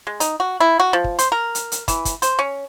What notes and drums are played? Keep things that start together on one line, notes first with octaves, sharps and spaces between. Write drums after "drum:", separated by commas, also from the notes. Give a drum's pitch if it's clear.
G#3
D#4, drum: hi-hat
F#4
E4
F#4
F3
drum: kick
C5, drum: hi-hat
A#4
drum: hi-hat
drum: hi-hat
E3, drum: kick, hi-hat
drum: kick, hi-hat
C5, drum: hi-hat
C#4